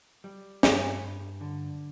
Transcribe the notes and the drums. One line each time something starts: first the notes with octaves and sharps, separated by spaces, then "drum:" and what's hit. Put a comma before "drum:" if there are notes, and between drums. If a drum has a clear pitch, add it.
G3
G2, drum: snare
G2
D3